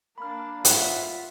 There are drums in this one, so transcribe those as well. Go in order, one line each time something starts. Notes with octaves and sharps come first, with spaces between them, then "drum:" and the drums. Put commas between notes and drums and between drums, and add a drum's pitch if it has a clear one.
A#3 D4 B5 F6
F4 E5 F#5, drum: hi-hat